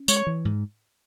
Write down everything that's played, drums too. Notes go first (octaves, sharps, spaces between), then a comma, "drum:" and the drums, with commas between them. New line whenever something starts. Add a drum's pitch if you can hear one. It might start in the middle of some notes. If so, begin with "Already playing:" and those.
Already playing: C#4
G#3 C#5, drum: tambourine
E3
G#2